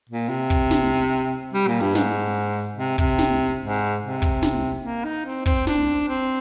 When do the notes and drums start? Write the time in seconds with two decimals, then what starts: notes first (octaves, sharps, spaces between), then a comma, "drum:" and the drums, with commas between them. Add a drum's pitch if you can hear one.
0.09 A#2
0.29 C3
0.50 drum: kick
0.71 drum: snare
1.54 G3
1.67 A#2
1.81 G2
1.95 G#2, drum: snare
2.77 C3
2.98 C3, drum: kick
3.19 drum: snare
3.59 G#2
4.02 C3
4.22 drum: kick
4.42 drum: snare
4.83 A#3
5.04 D#4
5.26 C4
5.46 C4, drum: kick
5.67 D4, drum: snare
6.08 C4